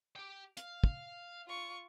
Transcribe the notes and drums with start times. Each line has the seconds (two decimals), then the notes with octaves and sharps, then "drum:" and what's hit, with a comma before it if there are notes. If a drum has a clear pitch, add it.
0.16 G4 G5
0.57 F5, drum: hi-hat
0.84 drum: kick
1.46 F4 C#6